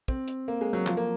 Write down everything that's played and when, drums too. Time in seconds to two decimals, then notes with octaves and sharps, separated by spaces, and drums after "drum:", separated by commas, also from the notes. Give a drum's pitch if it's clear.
0.08 C4, drum: kick
0.28 drum: hi-hat
0.48 A#3
0.61 G#3
0.73 F#3
0.86 F3, drum: clap
0.97 A#3